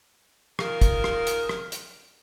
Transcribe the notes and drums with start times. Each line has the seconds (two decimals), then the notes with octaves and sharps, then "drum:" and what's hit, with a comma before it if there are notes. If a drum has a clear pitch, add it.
0.59 D#3 F4 G#4 A#4, drum: rim click
0.82 drum: kick, hi-hat
1.04 drum: rim click
1.27 drum: hi-hat
1.49 drum: rim click
1.72 drum: hi-hat